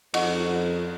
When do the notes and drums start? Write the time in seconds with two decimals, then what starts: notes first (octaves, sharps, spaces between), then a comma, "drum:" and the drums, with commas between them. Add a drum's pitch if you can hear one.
0.14 F2 D#5 F#5 C#6, drum: cymbal